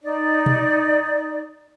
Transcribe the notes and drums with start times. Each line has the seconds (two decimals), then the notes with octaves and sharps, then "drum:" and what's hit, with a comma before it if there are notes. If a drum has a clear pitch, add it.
0.02 D#4 D5
0.46 drum: tom B2